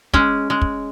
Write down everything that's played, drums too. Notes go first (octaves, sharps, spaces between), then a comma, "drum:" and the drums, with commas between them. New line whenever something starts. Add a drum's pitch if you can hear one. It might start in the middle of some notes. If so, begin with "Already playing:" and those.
G#3 C#4, drum: kick
G#3
drum: kick